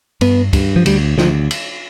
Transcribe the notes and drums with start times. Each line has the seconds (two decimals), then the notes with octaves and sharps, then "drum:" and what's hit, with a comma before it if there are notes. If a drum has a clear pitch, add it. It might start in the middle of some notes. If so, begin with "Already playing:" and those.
0.21 G2 B3, drum: cymbal
0.53 G2, drum: kick, cymbal
0.76 F3
0.86 D2 G3, drum: cymbal
1.18 D2 F3, drum: snare
1.51 drum: cymbal